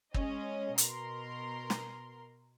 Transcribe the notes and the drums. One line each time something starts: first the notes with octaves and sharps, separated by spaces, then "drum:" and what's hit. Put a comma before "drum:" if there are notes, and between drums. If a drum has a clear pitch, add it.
G#3 C#4 D#5, drum: kick
B2 A#4 C6, drum: hi-hat
drum: snare